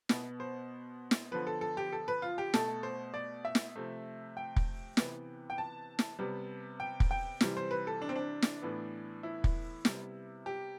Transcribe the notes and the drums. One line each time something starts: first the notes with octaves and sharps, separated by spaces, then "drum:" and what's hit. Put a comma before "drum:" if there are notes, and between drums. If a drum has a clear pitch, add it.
B2 B3, drum: snare
C5
drum: snare
D3 F3 B3 B4
A4
A4
G4
A4
B4
F4
G4
B2 A3 A4, drum: snare
C5
D5
E5
drum: snare
C3 F3 A3
G5
drum: kick
C3 E3 B3, drum: snare
G5
A5
drum: snare
C3 G3 B3
G5
drum: kick
G5
C3 E3 G3, drum: snare
C5
B4
A4
D4
C4
D4
drum: snare
A2 E3 B3
E4
drum: kick
C3 G3 B3, drum: snare
G4